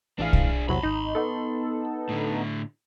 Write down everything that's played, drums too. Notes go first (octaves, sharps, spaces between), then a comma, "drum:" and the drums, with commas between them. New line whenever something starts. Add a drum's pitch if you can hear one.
A1 E3 D4 G#4 F5
drum: kick B1
E2 C3 F#3 B5 C6
G#1 D#4
B3 D#4 A4
A2 D3